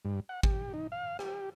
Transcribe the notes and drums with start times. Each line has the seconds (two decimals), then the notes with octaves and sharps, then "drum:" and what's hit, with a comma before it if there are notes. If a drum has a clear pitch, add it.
0.05 G2
0.29 F#5
0.43 G4, drum: kick G#1
0.74 D#4
0.92 F5
1.19 G4, drum: rim click